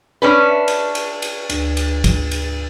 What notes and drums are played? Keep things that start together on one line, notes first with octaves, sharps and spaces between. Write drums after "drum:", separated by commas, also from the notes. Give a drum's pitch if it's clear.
C#4 D4 B4
E5
drum: cymbal
drum: cymbal
drum: cymbal
D2, drum: cymbal
drum: cymbal
drum: kick, cymbal
drum: cymbal